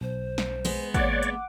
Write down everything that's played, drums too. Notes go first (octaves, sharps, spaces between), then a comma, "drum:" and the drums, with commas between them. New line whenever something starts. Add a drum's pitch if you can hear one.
B1 C5
drum: snare
G#3 B3, drum: open hi-hat
A#3 C#5 D5 F#5 D6, drum: kick, hi-hat
drum: hi-hat